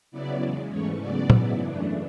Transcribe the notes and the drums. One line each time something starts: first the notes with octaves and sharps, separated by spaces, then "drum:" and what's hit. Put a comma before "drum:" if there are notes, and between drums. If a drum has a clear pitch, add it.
C#3 F#3 B3 E4 D5
E2 C#3 G#3
G#2 E3 A3 C#4 C#5
C#3 F#3 B3 D5
G#2 F#3 B3 E4, drum: tom A#2
F#2 C#3 E3 A3 D4